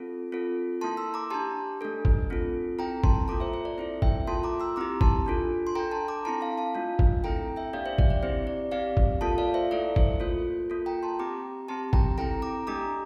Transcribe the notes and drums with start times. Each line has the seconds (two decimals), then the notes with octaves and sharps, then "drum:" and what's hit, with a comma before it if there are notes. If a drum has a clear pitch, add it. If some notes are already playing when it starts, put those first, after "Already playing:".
Already playing: C4 F4 A4
0.32 C4 F4 A4
0.81 A#3 E4 A4 A5 C6
0.97 C6 E6
1.14 A#5 D6
1.30 D4 G4 A5 C6
1.81 A3 D4 A4
2.05 drum: kick
2.30 C4 F4 A4
2.79 C4 E4 A4 G5 A#5
3.04 A5 C6, drum: kick
3.28 A#3 F4 A4 A#5 D6
3.40 C5 E5
3.54 C5
3.65 D5
3.77 C4 E4 A4 C5
4.02 E5 G5, drum: kick
4.27 A#3 F4 A4 A5 C6
4.43 A#5 D6
4.60 C6 E6
4.76 C4 E4 G4 A#5 D6
5.01 A5 C6, drum: kick
5.26 D4 F4 A4
5.67 C6
5.75 D4 A4 G5 A#5
5.91 A5 C6
6.08 A#5 D6
6.25 C4 E4 A4 A5 C6
6.41 F5 A5
6.58 F5 A5
6.75 A3 D4 F4
6.99 drum: kick
7.24 C4 E4 A4 G5 A#5
7.56 E5 G5
7.73 A#3 D4 G4 D5 F5
7.85 C5 E5
7.98 D5, drum: kick
8.10 D5
8.23 C4 E4 G4 C5
8.47 D5
8.71 C4 G4 D5 F5
8.97 drum: kick
9.21 A#3 F4 A4 F5 A5
9.38 D5 F5
9.54 C5 E5
9.71 A3 E4 A4 D5
9.96 C5, drum: kick
10.20 A#3 F4 A4 C5
10.70 A#3 F4 A4
10.86 G5 A#5
11.03 A5 C6
11.19 C4 G4 A#5 D6
11.68 C4 G4 A5 C6
11.93 G5 A#5, drum: kick
12.18 C4 E4 A4 G5 A#5
12.42 A#5 D6
12.67 A3 D4 G4 A#5 D6